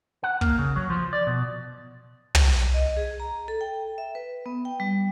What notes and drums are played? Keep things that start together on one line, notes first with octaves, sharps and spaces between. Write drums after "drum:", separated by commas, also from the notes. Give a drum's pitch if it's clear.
F#5
A#3, drum: kick
C#3
F#3
F3
D5
B2
drum: tom
D#5
G#4
A#5
A4
G5
E5
B4
B3
G5
G3